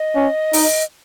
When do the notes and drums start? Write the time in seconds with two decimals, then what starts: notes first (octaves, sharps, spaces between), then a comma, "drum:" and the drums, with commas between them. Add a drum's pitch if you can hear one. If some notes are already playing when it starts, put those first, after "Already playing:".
Already playing: D#5
0.15 C#4
0.53 D#4, drum: open hi-hat